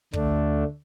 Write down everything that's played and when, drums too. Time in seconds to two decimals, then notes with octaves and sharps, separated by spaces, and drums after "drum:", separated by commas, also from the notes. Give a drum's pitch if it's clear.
0.13 D2 D3 A3 D4, drum: kick